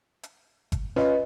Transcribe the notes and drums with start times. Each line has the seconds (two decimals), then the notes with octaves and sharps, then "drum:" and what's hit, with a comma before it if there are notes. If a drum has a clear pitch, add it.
0.23 drum: hi-hat
0.72 drum: kick G1, hi-hat
0.96 C#4 F4 B4 D#5, drum: snare